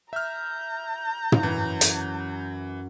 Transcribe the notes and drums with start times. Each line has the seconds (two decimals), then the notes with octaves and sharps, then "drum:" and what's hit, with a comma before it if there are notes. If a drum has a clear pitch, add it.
0.13 E5 A#5 F6 G6
1.32 drum: tom
1.43 F#2 E3
1.81 drum: hi-hat